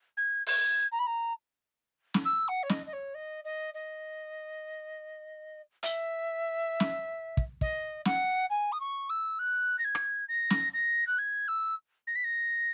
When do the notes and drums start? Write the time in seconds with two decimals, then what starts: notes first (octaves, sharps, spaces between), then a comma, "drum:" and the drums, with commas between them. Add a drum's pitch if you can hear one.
0.17 G#6
0.46 G#6, drum: open hi-hat
0.92 A#5
0.99 B5
1.06 A#5
2.14 drum: snare
2.25 E6
2.48 F#5
2.63 C#5
2.69 D#5, drum: snare
2.86 D#5
2.93 C#5
3.14 D#5
3.44 D#5
3.74 D#5
5.83 E5, drum: hi-hat
6.80 drum: snare
7.37 drum: kick
7.61 D#5, drum: kick
8.05 F#5, drum: snare
8.50 G#5
8.72 D#6
8.80 C#6
9.09 E6
9.39 F#6
9.78 A#6
9.84 G#6
9.95 drum: rim click
10.28 A#6
10.50 drum: snare
10.73 A#6
11.07 F#6
11.18 G#6
11.48 E6
12.07 A#6
12.15 B6
12.24 A#6